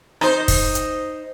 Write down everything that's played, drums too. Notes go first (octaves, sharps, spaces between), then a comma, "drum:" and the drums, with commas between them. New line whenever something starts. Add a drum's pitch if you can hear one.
D#4 C5, drum: rim click
drum: kick, open hi-hat
drum: hi-hat